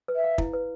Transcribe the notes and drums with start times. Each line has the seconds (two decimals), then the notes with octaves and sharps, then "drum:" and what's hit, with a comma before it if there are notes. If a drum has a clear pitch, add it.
0.08 B4
0.16 E5
0.24 F5
0.38 E4, drum: kick
0.54 B4